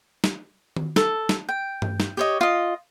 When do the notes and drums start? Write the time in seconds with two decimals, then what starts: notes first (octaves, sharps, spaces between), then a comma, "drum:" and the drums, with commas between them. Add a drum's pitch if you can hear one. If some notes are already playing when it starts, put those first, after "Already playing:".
0.24 drum: snare
0.77 drum: tom D#3
0.96 A4, drum: snare
1.29 drum: snare
1.49 G5
1.82 drum: tom G2
2.00 drum: snare
2.17 G4 C#5 D#5
2.41 F4 D#5